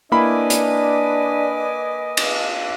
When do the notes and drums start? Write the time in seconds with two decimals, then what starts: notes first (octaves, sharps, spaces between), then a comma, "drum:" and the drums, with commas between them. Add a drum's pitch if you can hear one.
0.12 A#3 D4 E4 B4 D#5 G#5 B5 D6
0.50 drum: hi-hat
2.17 drum: cymbal